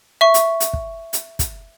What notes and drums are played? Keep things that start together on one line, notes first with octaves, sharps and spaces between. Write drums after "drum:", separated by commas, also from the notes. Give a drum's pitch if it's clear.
E5 C#6
drum: hi-hat
drum: hi-hat
drum: kick
drum: hi-hat
drum: kick, hi-hat